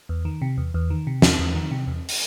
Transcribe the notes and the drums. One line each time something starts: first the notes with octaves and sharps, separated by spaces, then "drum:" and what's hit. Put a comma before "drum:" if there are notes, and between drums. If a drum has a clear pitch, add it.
E2
D#3
C3
E2
E2
D#3
C3
E2, drum: snare
E2
D#3
C3
E2
drum: open hi-hat